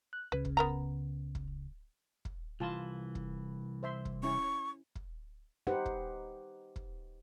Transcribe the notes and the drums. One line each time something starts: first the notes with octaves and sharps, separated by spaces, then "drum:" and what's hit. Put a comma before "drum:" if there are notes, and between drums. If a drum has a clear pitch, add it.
F#6
C#2 C#3 B4
drum: kick
B3 A#4 A#5
drum: kick
drum: kick
C2 E3 F4 A5
drum: kick
C5 E5 C6
drum: kick
C#4 E4 C#6
drum: kick
D#4 G4 B4 C5 F#5
drum: kick
drum: kick